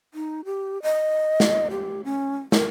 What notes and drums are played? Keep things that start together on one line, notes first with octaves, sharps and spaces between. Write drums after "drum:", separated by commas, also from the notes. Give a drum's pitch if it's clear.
D#4
G4
D#5
drum: snare
G4
C#4
A#4, drum: snare